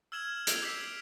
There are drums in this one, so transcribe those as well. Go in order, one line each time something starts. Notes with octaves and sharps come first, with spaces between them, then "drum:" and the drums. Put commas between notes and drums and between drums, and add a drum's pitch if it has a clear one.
E6 F6 G#6 E7 F#7
E6 G6 D7 F7, drum: hi-hat
D6 E6 G#6 B6 C7